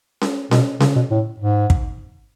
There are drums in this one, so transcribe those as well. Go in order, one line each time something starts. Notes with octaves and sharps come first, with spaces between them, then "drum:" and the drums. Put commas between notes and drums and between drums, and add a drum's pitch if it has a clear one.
drum: snare C#4
B2, drum: snare C#4
C#3, drum: snare C#4
B2
A2
G#2
drum: kick